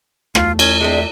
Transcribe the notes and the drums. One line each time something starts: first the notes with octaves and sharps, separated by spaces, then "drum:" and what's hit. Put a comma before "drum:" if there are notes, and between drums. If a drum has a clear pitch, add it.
E2 A3 F4, drum: rim click
C#4, drum: cymbal
G#3 C4 D4 E5